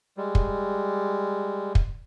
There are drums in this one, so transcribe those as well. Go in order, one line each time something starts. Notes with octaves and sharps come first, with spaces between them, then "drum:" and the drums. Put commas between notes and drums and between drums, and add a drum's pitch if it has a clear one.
G3 G#3
drum: kick
drum: kick